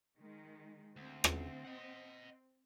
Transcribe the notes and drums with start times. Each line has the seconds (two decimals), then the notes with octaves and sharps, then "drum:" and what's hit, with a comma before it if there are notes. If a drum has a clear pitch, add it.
0.17 D#3 G#3
0.96 D2 C4
1.24 drum: rim click
1.64 D#5 F#5